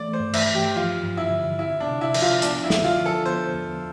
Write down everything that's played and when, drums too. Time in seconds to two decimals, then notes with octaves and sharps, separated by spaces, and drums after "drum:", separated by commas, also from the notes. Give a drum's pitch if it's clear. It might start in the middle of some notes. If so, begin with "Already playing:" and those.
Already playing: E3 A3 D5
0.13 C5
0.20 G2
0.34 E5, drum: cymbal
0.47 E3
0.55 G4
0.75 F3 F4
1.03 G2
1.17 E4
1.31 D3
1.59 C4 E4
1.80 D4
1.87 C3
2.01 E4
2.14 F3, drum: cymbal
2.22 F4
2.42 B3 D4, drum: hi-hat
2.64 E4
2.70 D3, drum: snare
2.84 F4
2.98 F3
3.06 A4
3.26 B3 C5
3.54 E2